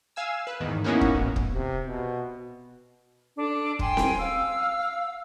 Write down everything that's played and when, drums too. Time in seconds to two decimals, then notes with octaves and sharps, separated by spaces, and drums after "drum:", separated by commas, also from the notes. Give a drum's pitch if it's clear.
0.16 F5 G#5 E6
0.47 B4
0.60 E2 G#2 D#3
0.84 A#3 B3 C#4 D#4 E4 F#4
1.01 drum: kick
1.15 A1
1.36 drum: kick
1.53 C3
1.86 B2
3.37 D4 A4
3.79 G5 G#5 C6, drum: kick
3.97 drum: snare C4
4.19 F5 E6